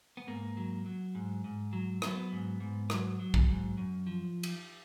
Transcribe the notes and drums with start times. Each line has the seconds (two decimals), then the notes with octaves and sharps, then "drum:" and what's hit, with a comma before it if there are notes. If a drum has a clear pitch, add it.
0.17 B3
0.27 G#2 A#3
0.57 F#3
0.86 F#3
1.15 G#2
1.44 G#2
1.73 F#3
2.02 F#3 B3, drum: rim click
2.32 G#2
2.60 G#2
2.90 F#3, drum: rim click
3.20 F#3
3.34 drum: kick
3.48 G#2
3.77 F#2
4.07 F3
4.43 drum: cymbal